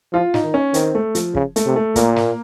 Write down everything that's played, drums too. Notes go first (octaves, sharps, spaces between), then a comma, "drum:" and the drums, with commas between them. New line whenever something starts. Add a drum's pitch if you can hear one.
F3 F4
D#4, drum: snare
D#3
C#4
D#3 C4, drum: hi-hat
A3
F3, drum: hi-hat
C#3, drum: kick
A3, drum: hi-hat
C3
A3
A#2 A#3, drum: kick, hi-hat
drum: snare